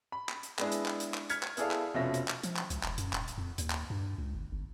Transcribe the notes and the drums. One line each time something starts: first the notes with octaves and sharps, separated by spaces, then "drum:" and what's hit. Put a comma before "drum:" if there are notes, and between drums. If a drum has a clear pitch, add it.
B5
drum: clap
drum: hi-hat
G#3 B3 D4 E4 G#4, drum: clap
drum: hi-hat
drum: clap
drum: hi-hat
drum: clap
F6 G#6 B6 C#7, drum: hi-hat
drum: clap
B3 E4 G#4 A4 D5 F5, drum: hi-hat
drum: clap
F1 B2 F3 C#4 E5 A#6
drum: hi-hat
drum: clap
F3, drum: hi-hat
drum: clap
C#2, drum: hi-hat
E1, drum: clap
F#2, drum: hi-hat
D#1, drum: clap
drum: hi-hat
F2
D#2, drum: hi-hat
drum: clap
G2
C#2
G1
G1